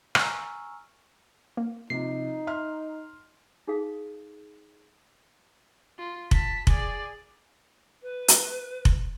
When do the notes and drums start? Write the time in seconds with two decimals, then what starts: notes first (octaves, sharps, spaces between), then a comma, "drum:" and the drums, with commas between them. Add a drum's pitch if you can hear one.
0.15 G#5 A#5 C#6 E6 F6, drum: rim click
1.57 A#3
1.90 C3 F3 D#4 C7
2.47 E5 C6 F6
3.68 D#4 G#4 A4 F5
5.98 F4
6.31 A5 B6, drum: kick F1
6.67 G#4 D5, drum: kick F1
8.02 B4
8.28 drum: hi-hat
8.85 drum: kick F1